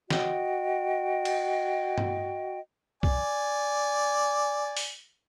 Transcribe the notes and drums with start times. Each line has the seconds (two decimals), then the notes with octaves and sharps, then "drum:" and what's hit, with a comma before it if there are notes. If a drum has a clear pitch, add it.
0.10 F#4 D#5 G5, drum: snare
1.25 drum: cymbal
1.98 drum: tom G2
3.03 D5 G#5, drum: kick C2
4.77 drum: open hi-hat